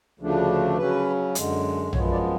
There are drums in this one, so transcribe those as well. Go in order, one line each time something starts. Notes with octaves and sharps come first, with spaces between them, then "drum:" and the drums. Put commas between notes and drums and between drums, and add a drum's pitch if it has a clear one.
D2 C#3 F3 A3 D4
C#3 F#3 C#4 B4
F#2 D3 G#3, drum: hi-hat
F#2 F3 G#3 B3 C#5, drum: tom A#1
D5